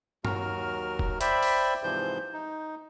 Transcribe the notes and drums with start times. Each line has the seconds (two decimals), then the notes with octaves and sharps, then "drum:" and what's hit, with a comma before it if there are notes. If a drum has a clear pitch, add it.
0.25 D#2 F#3 F#4 A#4 F6, drum: tom G2
0.99 drum: kick F1
1.21 C5 D5 E5 G5 B5, drum: hi-hat
1.43 drum: open hi-hat
1.83 G#2 C3 E3 F3 C5 G6
2.33 D#4